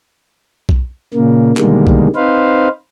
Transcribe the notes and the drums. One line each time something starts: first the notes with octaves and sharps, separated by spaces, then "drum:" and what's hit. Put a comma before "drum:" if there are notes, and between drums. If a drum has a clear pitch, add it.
drum: kick
A#2 C#3 A#3
B2 D3 D#3 G3 G#3 A#3, drum: clap
drum: kick
C4 D#4 B4 C5 F5